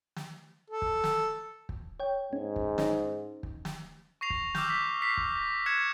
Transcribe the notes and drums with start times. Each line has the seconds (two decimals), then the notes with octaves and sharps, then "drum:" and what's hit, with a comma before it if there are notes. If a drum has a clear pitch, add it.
0.16 drum: snare
0.70 A4
0.82 drum: kick
1.04 drum: snare
1.69 drum: kick
2.00 C#5 G5
2.33 G#2 C#4
2.56 drum: kick
2.78 C#4 D#4, drum: snare
3.43 drum: kick
3.65 drum: snare
4.21 C#6 A#6 C7 F7
4.30 drum: kick
4.55 D6 E6 F6 G6, drum: snare
4.70 B6
5.02 B6 C7
5.17 drum: kick
5.36 A#6
5.66 F#6 G#6 C#7 E7